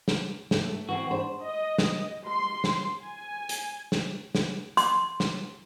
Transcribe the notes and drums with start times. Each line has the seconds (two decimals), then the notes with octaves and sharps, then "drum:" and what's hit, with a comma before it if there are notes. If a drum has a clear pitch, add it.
0.08 drum: snare
0.51 A3, drum: snare
0.71 A3
0.89 E3 C4 F#4
1.11 D4 C5
1.43 D#5
1.78 drum: snare
2.27 C6
2.64 drum: snare
3.03 G#5
3.49 drum: hi-hat
3.92 drum: snare
4.35 drum: snare
4.77 C6, drum: hi-hat
5.20 drum: snare